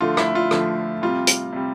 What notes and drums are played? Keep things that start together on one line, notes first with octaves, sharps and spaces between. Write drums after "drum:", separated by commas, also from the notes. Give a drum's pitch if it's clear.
D3 F3 A3 F4
E4, drum: rim click
F4
D3 F3 A3, drum: rim click
C3 G3 F4
drum: hi-hat
C3 G3